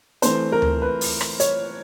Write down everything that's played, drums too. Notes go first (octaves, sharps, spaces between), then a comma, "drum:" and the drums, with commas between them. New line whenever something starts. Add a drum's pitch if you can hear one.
E3 A3 C4 C5, drum: hi-hat
A#4
drum: tom D2
B4
drum: open hi-hat
drum: rim click
C#5, drum: hi-hat